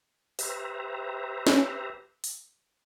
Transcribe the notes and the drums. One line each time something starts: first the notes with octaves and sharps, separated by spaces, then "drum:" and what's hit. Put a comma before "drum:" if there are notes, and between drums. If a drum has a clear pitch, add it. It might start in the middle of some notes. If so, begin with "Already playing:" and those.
G4 B4 C5 E5 A#5, drum: open hi-hat
drum: snare
drum: open hi-hat